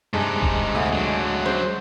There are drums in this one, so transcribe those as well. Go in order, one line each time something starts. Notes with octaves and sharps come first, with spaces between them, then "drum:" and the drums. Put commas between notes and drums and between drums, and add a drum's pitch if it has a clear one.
G2 C3 G#3 D#4
drum: kick
D2
F#3 D4
C5, drum: snare